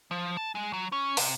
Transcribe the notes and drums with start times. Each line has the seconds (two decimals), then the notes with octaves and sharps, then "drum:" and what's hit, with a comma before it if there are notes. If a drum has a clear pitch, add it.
0.11 F3
0.37 A5
0.55 G#3
0.73 F#3
0.92 C#4
1.17 C3, drum: open hi-hat